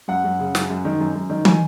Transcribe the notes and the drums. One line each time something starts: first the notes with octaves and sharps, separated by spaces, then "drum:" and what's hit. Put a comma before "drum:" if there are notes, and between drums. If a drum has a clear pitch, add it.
F#2 F#5
F#2
C#3
F#2, drum: snare
F#2
D#3
F#2
F#2
D#3
G#5, drum: tom